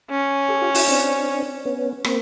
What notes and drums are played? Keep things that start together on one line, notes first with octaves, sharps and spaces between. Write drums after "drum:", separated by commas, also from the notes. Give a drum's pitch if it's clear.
C#4
G4 A4
F4 G4
E4 F#4, drum: open hi-hat
C4 D4
B3 C#4
A#3 C4, drum: rim click